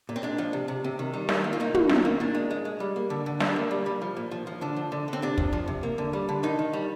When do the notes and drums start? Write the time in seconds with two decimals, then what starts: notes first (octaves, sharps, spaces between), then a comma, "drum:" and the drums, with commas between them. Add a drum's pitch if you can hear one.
0.09 A#2
0.16 C4
0.23 G#3 D4
0.38 F3
0.53 C3
0.68 C3
0.84 C3
0.99 D#3
1.14 G3
1.29 D#3, drum: snare
1.44 A#3
1.53 F4
1.60 A#3 D#4
1.74 A#3, drum: tom
1.89 D#3, drum: snare
2.05 A#3
2.20 A#2 D4
2.35 G#3
2.51 G#3
2.65 G#3
2.80 G3
2.96 A#3
3.10 D3
3.26 D3
3.40 G3 D4, drum: snare
3.56 A#3
3.71 G3
3.86 G3
4.02 F3
4.16 A#2
4.31 F3
4.47 F3
4.61 D3 D4
4.76 F3
4.92 D3
5.08 D3
5.13 C4
5.22 C3 D4
5.38 F3, drum: kick
5.53 F3
5.68 C3
5.83 A#3
5.98 D3
6.13 G3
6.29 D3
6.43 D#3 D#4
6.59 D#3
6.73 G3